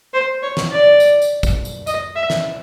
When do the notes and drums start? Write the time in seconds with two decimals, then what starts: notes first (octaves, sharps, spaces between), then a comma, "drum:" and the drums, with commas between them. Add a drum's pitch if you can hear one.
0.13 C5
0.43 C#5
0.57 drum: snare
0.71 D5
1.00 drum: tambourine
1.22 drum: tambourine
1.43 drum: kick, tambourine
1.65 drum: tambourine
1.87 D#5, drum: tambourine
2.16 E5
2.30 drum: snare